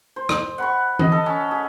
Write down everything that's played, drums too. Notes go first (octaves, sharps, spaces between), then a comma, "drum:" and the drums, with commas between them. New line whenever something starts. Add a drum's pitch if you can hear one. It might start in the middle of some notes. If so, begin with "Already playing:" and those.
C5
drum: rim click
F#5 B5 C#6
D#5, drum: tom E3
A4
C#4
G#4